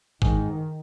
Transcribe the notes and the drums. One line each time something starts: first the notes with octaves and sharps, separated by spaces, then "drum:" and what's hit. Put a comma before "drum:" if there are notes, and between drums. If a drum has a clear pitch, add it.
G#2 D#3, drum: kick G#1